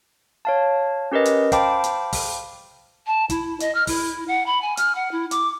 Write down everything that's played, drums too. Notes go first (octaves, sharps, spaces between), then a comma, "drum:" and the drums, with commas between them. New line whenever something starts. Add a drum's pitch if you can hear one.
C#5 F5 A5
C#4 G4 A#4 B4 D#5
drum: hi-hat
C5 F5 G5 A5 B5 D6, drum: kick, hi-hat
drum: hi-hat
drum: kick, open hi-hat
A5
E4, drum: kick, hi-hat
D#5, drum: hi-hat
F6
E4, drum: kick, open hi-hat
F#5
B5
G#5
F6, drum: hi-hat
F#5
E4
D6, drum: hi-hat